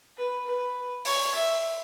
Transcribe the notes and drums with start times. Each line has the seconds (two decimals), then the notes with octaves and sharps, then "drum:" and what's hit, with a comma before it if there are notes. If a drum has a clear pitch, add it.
0.17 B4
0.46 B4
1.05 C#5, drum: open hi-hat
1.34 E5